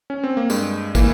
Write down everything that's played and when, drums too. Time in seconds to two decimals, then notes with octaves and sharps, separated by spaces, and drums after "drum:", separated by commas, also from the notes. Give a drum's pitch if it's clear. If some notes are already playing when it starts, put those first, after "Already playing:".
0.10 C#4
0.24 C4
0.37 A#3
0.50 G2 G#3, drum: tambourine
0.95 E3 A#3, drum: kick, tambourine